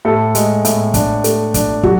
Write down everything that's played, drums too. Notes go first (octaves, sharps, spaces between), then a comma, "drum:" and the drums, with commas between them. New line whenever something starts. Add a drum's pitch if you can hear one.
A2 A4
G#3, drum: hi-hat
A2, drum: hi-hat
D4, drum: kick, hi-hat
A3, drum: hi-hat
D4, drum: kick, hi-hat
F#3 F#4, drum: kick